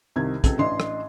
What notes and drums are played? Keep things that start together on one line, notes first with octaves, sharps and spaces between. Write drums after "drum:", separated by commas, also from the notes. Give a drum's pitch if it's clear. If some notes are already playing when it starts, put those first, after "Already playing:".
C2 C3 D#3 G#6
C#2 C3 A4, drum: kick, hi-hat
A1 D4 D#5 C6
drum: rim click